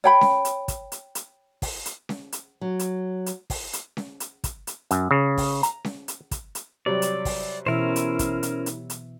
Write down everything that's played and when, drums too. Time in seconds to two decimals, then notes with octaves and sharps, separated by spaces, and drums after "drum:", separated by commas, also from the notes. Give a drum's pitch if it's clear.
0.04 C#5 G5 B5
0.21 drum: snare C#4
0.45 drum: hi-hat
0.68 drum: kick, hi-hat
0.92 drum: hi-hat
1.15 drum: hi-hat
1.62 drum: kick, open hi-hat
1.86 drum: hi-hat
2.09 drum: snare C#4
2.32 drum: hi-hat
2.61 F#3
2.79 drum: hi-hat
3.26 drum: hi-hat
3.50 drum: kick, open hi-hat
3.73 drum: hi-hat
3.97 drum: snare C#4
4.20 drum: hi-hat
4.44 drum: kick, hi-hat
4.67 drum: hi-hat
4.91 F#2, drum: hi-hat
5.11 C#3
5.38 drum: kick, open hi-hat
5.63 A#5, drum: hi-hat
5.85 drum: snare C#4
6.08 drum: hi-hat
6.31 drum: kick, hi-hat
6.55 drum: hi-hat
6.86 C3 F#3 G3 D5
7.02 drum: hi-hat
7.25 drum: kick, open hi-hat
7.66 B2 E3 C#4 E4 A#4 C5 E5
7.96 drum: hi-hat
8.19 drum: kick, hi-hat
8.43 drum: hi-hat
8.66 drum: hi-hat
8.90 drum: hi-hat